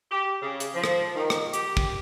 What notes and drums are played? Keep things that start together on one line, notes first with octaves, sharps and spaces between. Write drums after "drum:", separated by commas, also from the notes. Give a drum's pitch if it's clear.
G4
C#3
drum: hi-hat
F3
drum: rim click
D#3
drum: rim click
G4, drum: hi-hat
drum: kick